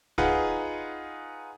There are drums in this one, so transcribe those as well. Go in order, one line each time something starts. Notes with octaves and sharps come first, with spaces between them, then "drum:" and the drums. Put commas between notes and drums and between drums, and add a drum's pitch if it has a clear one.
D#4 F4 G#4 B4 F#5, drum: kick